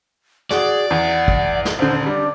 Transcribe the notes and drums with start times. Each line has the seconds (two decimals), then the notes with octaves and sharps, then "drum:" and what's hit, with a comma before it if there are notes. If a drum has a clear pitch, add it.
0.51 F#4 G#4 D5, drum: snare
0.91 E2 F#5
1.28 drum: kick
1.65 drum: snare
1.79 D#1 D3 C5
2.06 G3 D4